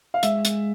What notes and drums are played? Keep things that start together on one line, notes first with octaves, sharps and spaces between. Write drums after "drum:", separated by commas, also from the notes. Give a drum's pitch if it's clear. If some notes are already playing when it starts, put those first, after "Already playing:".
F5
G#3 E5, drum: hi-hat
drum: hi-hat